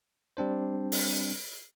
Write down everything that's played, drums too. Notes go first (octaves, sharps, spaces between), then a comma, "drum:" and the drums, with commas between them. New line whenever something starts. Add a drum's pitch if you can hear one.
G3 C4 D4 C5
drum: open hi-hat